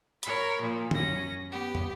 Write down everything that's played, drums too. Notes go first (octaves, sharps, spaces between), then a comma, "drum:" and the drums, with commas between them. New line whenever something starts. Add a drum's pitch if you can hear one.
A#4 C#5 B5, drum: hi-hat
A#2 F3
F#2 C#4 A#6, drum: tom
B3 G4
drum: tom